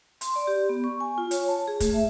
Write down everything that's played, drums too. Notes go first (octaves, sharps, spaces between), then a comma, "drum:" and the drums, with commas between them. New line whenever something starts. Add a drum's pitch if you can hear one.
C6, drum: hi-hat
D5
G4
B3
C#6
G#5
F4
C#5, drum: hi-hat
A5
G#4
A3, drum: kick, hi-hat
E5